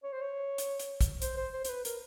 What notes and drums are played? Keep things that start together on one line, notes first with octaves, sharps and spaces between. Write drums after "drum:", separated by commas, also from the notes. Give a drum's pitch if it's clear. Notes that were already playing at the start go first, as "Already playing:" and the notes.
C#5
C5
C#5
drum: hi-hat
drum: hi-hat
drum: kick, hi-hat
C5, drum: hi-hat
C5
C5
C5, drum: hi-hat
B4
A#4, drum: hi-hat